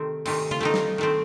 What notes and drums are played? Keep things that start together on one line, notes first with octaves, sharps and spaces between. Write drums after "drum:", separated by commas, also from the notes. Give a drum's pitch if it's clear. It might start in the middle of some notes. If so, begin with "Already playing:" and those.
Already playing: C3 D#3 A3 C4
C3 D#3 A3 C4, drum: cymbal
F4, drum: tom C#3
D#3 A3 C4 D#4
drum: snare
D#3 A3 C4